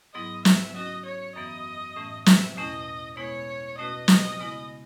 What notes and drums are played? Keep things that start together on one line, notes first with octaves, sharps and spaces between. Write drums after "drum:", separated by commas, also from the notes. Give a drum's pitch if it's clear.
G#2 F#3 B3 E4 G#4 D#5
E5, drum: snare
F#3 C#4 F#4 D#5
C#5
F#2 E3 B3 D#5
A2 E3 A3 C#4
E5, drum: snare
E2 B2 A3 C#4 E4 D#5
B2 G#3 B3 E4 C#5
B2 A3 C#4 F#4 B4 D#5
D#5, drum: snare
C#3 G#3 B3 E4